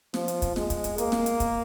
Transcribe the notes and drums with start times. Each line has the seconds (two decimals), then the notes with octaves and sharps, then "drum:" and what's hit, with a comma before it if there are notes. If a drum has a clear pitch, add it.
0.14 F3, drum: snare
0.28 drum: hi-hat
0.42 drum: kick, hi-hat
0.56 G#3, drum: snare
0.70 drum: kick, hi-hat
0.84 drum: hi-hat
0.98 A#3, drum: hi-hat
1.12 drum: snare
1.26 drum: hi-hat
1.40 drum: kick, hi-hat